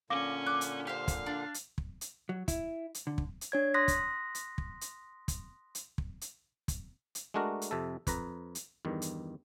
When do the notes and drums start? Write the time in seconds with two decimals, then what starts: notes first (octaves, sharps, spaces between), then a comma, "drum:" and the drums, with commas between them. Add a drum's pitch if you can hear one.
0.10 A#2 D3 C#4 F5 D6 A#6
0.47 D6 F#6
0.61 drum: hi-hat
0.87 G4 C5 F5
1.08 drum: kick, hi-hat
1.26 D4
1.54 drum: hi-hat
1.78 drum: kick
2.01 drum: hi-hat
2.29 F#3
2.48 E4, drum: kick, hi-hat
2.94 drum: hi-hat
3.07 D3
3.18 drum: kick
3.41 drum: hi-hat
3.52 D4 C#5 G#6
3.74 C6 D#6 F#6 A#6 B6
3.88 drum: kick, hi-hat
4.35 drum: hi-hat
4.58 drum: kick
4.81 drum: hi-hat
5.28 drum: kick, hi-hat
5.75 drum: hi-hat
5.98 drum: kick
6.21 drum: hi-hat
6.68 drum: kick, hi-hat
7.15 drum: hi-hat
7.34 G#3 A3 D4 F#4 A#4
7.62 drum: hi-hat
7.71 F2 C3 A4
8.07 F2 B4 A#5, drum: kick, hi-hat
8.55 drum: hi-hat
8.85 E2 G2 D#3
9.02 drum: hi-hat